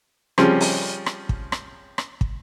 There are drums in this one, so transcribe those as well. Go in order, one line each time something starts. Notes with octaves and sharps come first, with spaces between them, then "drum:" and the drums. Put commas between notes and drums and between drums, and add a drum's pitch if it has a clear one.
C#3 F3 G3 C4 C#4, drum: rim click
drum: open hi-hat
drum: rim click
drum: kick
drum: rim click
drum: rim click
drum: kick